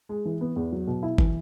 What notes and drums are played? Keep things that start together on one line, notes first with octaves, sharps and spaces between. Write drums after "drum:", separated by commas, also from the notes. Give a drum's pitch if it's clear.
G#3
E3
B3
E2
F#3
B2
E4
E3, drum: kick